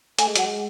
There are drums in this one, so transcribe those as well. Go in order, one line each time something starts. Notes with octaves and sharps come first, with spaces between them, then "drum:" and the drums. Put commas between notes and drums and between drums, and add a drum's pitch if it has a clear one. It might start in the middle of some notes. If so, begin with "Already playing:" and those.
A3 G#5, drum: hi-hat
G#3
F#3 F#5, drum: hi-hat
G#3